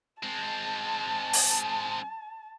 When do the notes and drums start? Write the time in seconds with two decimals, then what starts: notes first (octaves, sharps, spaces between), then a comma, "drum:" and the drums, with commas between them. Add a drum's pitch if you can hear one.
0.23 G#3 C4 A5
1.33 drum: open hi-hat